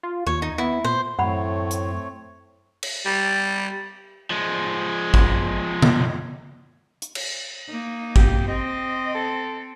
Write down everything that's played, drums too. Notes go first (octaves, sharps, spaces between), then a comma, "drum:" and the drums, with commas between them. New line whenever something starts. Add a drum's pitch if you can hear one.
F4
D#2 C#5
D#4
B3 E4
A#2 C5
F#2 A2 A3 C4 C#5 F#5 B5
drum: hi-hat
drum: cymbal
G3
F3 G#3
drum: kick G#1
drum: tom C#3
drum: hi-hat
drum: cymbal
A#3 D#4
G4, drum: kick G#1
C4 D#5
A4